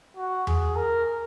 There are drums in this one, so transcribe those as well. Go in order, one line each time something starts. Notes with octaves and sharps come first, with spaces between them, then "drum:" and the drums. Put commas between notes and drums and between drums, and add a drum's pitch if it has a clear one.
F#4
G#4, drum: tom E2
A#4